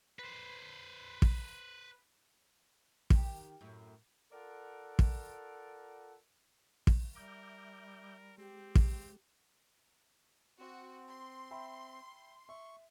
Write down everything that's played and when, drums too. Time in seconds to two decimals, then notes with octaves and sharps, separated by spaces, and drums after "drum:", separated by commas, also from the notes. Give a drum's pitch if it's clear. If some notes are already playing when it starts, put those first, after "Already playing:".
0.19 B4 C5
1.22 drum: kick
3.10 D#3 G4, drum: kick
3.61 F#2 A2
4.32 F4 A4 A#4 D5 F#5
4.99 drum: kick
6.87 drum: kick
7.16 G3 A#4 E5 D6 G6
8.38 G#3 C4 G4
8.75 drum: kick
10.60 C4 F#4
11.09 C6
11.51 E5 G5 B5
12.49 E5 C#6